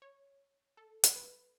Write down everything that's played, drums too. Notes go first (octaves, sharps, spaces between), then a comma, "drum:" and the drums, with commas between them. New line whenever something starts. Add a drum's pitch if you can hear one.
C#5
A4
drum: hi-hat
B4